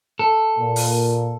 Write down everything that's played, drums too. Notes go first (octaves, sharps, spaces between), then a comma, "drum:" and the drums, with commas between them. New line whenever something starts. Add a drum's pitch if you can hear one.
A4
A#2
drum: open hi-hat